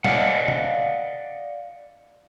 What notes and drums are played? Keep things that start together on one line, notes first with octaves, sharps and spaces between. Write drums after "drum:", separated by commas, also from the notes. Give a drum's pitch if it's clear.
D5 D#5 F5 F#5, drum: snare
drum: tom